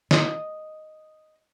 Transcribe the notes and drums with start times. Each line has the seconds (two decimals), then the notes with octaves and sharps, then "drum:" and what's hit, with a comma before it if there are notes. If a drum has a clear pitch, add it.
0.11 D#5, drum: snare